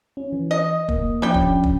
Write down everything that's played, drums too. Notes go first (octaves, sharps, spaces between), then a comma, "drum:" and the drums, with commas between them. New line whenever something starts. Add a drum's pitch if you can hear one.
C#4
E3
D#5
A#3, drum: kick
F3 G3 C#4 D4 G5
drum: kick
drum: kick